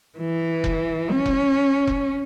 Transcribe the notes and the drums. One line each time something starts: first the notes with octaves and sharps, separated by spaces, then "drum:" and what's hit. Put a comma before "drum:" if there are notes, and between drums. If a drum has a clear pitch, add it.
E3
drum: kick F1
C#4
drum: kick F1
drum: kick F1